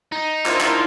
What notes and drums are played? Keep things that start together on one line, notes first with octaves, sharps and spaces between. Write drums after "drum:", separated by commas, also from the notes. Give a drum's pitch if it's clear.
D#4
D4 E4 F4 A#4 C5, drum: clap
drum: clap